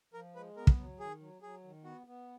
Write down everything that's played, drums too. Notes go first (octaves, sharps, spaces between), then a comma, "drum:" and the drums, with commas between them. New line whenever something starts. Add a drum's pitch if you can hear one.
F3 A#4
G#3 B4
B3 A#4
drum: kick
F#3
D#3 G#4
F#3
F#3 G#4
D#3
B3 F#4
B3